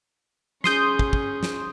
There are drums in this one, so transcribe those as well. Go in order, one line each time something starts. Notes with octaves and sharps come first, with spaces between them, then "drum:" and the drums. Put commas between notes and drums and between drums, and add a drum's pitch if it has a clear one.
C#4 G#4 C6 D#6 G6, drum: snare
drum: kick
drum: kick
drum: snare